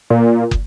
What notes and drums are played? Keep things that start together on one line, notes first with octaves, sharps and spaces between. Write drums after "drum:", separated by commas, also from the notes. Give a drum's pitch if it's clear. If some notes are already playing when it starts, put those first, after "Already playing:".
A#2
drum: kick